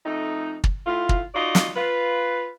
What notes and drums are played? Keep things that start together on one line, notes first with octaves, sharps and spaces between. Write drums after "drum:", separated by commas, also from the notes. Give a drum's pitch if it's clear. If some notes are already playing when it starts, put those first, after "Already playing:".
F2 A3 D#4
drum: kick
A2 A3 F4
drum: kick
D#4 F4 F#4 D5 D#5
drum: snare
F4 B4